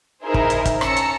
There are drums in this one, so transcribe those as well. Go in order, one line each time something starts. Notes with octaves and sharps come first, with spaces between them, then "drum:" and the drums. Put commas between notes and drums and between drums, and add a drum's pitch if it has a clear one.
D#4 E4 G#4 A#4 C5
drum: kick
drum: hi-hat
drum: kick, hi-hat
C#4 A5 A#5 E6 C#7, drum: rim click
drum: hi-hat